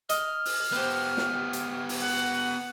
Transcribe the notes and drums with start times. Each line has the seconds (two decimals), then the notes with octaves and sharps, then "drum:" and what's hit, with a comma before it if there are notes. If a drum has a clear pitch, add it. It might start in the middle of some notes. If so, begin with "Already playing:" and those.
0.09 D#5 F6, drum: hi-hat
0.45 drum: open hi-hat
0.72 B3 G4 B4 C5
1.17 drum: snare
1.53 drum: hi-hat
1.89 drum: open hi-hat
2.00 F#5